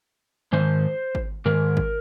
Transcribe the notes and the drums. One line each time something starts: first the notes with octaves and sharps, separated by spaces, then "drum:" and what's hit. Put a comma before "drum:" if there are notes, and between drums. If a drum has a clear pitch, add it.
G#2 D#3 C5
drum: kick G#1
G#2 D#3 A#4
drum: kick G#1